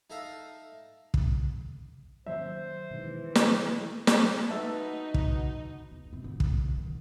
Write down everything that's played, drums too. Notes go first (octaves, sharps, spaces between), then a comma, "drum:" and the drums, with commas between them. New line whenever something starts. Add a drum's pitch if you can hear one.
D#4 A4 E5 F5 A#5
drum: kick
D#3 F#3 A#3 C5 E5
B2 D#3 E3 G#3
drum: snare
drum: snare
D#4 F#4 B4 E5 A5
drum: kick
E2
C3 C4
D#1 D3
D#3 E3, drum: kick
C3 E3
D3 D#3